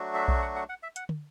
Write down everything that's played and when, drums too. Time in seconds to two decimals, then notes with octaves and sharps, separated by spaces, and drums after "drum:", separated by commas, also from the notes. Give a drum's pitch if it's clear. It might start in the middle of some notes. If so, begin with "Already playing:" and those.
Already playing: F#3 A3 D4 F#4
0.15 E5
0.28 drum: kick B1
0.42 F#5
0.56 F#5
0.69 F#5
0.83 E5
0.96 F#5, drum: hi-hat
1.09 drum: tom